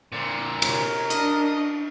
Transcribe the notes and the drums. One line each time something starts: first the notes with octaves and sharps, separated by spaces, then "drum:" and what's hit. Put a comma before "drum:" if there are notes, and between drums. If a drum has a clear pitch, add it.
A#2 D3 C4
C3 A#4 C#5, drum: cymbal
D4 D#5, drum: hi-hat